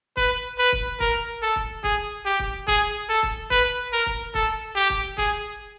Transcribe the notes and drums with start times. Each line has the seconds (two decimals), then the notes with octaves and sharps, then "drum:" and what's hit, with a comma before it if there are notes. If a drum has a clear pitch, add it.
0.17 B4, drum: kick
0.59 B4
0.72 drum: kick
1.00 A#4, drum: kick
1.42 A4
1.56 drum: kick
1.84 G#4, drum: kick
2.26 G4
2.39 drum: kick
2.68 G#4, drum: kick
3.09 A4
3.23 drum: kick
3.51 B4, drum: kick
3.93 A#4
4.06 drum: kick
4.35 A4, drum: kick
4.76 G4
4.90 drum: kick
5.18 G#4, drum: kick